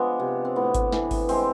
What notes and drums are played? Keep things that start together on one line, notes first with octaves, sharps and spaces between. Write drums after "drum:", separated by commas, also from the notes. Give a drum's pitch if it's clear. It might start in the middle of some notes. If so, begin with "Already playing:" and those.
Already playing: F3 G#3 B3 D4
C3
C4
A2 B3
drum: kick G#1, hi-hat
E3, drum: snare
drum: kick G#1, open hi-hat
G#3 C4, drum: open hi-hat